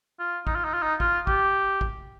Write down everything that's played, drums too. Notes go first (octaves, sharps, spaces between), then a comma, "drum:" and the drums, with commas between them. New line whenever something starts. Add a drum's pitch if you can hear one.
F4
D#4, drum: kick G#1
F4
D#4
F4
D#4
F4, drum: kick G#1
G4, drum: kick G#1
drum: kick G#1